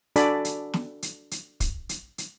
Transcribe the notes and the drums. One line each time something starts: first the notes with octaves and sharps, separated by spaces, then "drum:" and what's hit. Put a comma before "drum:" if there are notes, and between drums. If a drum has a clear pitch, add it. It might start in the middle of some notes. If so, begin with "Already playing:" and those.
D4 F#4 A4 D5 G#5 B5, drum: hi-hat
drum: hi-hat
drum: snare
drum: hi-hat
drum: hi-hat
drum: kick, hi-hat
drum: hi-hat
drum: hi-hat